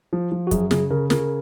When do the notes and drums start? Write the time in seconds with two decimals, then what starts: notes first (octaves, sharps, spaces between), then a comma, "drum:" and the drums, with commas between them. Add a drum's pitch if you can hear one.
0.13 F3
0.32 F3
0.47 F#4
0.51 F#2 G#4, drum: kick, hi-hat
0.71 C#3 G#4, drum: snare
0.90 C#3 A#4
1.10 C#3 A#4, drum: snare